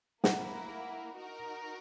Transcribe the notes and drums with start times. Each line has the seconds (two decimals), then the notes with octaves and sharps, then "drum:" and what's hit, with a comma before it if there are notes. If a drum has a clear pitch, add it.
0.24 A#3 E4 A#4 F#5, drum: snare
1.16 D#4 F#4 A#4